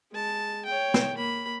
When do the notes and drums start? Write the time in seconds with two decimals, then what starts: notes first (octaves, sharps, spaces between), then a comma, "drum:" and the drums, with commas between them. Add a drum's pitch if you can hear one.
0.12 G#3 A5
0.66 C#5 G5
0.94 drum: snare
1.16 A#3 B5